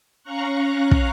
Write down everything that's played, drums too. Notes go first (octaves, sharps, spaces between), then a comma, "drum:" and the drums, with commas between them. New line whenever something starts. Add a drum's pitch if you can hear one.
C#4 F5 A#5 C#6 F#6
drum: kick